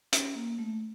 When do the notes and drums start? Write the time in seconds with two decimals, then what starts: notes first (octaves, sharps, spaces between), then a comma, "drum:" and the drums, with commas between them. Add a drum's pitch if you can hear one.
0.13 C#4, drum: hi-hat
0.35 A#3
0.58 A3